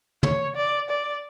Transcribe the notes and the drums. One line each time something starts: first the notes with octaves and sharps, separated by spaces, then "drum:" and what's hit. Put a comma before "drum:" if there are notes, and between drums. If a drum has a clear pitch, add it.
C#5, drum: tom
D5
D5